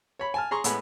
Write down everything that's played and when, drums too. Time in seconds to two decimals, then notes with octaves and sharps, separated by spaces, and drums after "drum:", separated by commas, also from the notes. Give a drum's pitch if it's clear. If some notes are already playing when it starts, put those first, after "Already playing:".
0.19 C#5 B5
0.34 G#5 A5 F6
0.51 G#4 A#5 C6 C#6
0.64 A2 G#3 B3 G#5 B5, drum: hi-hat